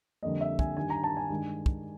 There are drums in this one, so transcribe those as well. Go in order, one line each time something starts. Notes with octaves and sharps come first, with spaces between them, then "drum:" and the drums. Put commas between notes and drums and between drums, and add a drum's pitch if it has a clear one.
F2 D3 G3 A#3 D#5
E5
G#5, drum: kick
G2 D#3 G3 G#5
A#5
A5
G#5
G2 D#3 G#3
drum: kick